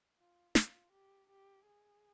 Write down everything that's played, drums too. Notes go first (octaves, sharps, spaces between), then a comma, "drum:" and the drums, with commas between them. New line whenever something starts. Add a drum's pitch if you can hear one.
F4
F4, drum: snare
G4
G4
G#4